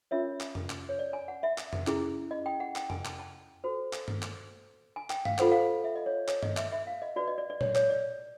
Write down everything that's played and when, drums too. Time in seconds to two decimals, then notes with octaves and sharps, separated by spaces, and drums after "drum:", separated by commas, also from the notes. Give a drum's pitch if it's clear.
0.11 C#4 F4 A#4 C#5 E5
0.40 drum: clap
0.55 drum: tom
0.70 drum: clap
0.89 C#5
0.99 D5
1.13 G#5
1.28 F#5
1.43 E5
1.58 drum: clap
1.73 drum: tom
1.87 C#4 E4 G#4, drum: clap
2.31 D#5
2.46 G5
2.60 F#5
2.76 G5, drum: clap
2.90 G#5, drum: tom
3.05 A5, drum: clap
3.19 A5
3.64 F#4 A4 C5
3.93 drum: clap
4.08 drum: tom G2
4.22 drum: clap
4.96 G#5
5.10 G5, drum: clap
5.25 F5, drum: tom G2
5.38 F4 A4 C5 F#5, drum: clap
5.52 F5
5.84 E5
5.96 D#5
6.06 C#5
6.28 C#5, drum: clap
6.43 D#5, drum: tom G2
6.57 E5, drum: clap
6.73 E5
6.87 F5
7.02 D#5
7.16 F#4 B4 D5
7.27 D#5
7.38 D5
7.50 D5
7.61 C#5, drum: tom A#2
7.75 C#5, drum: clap
7.90 D5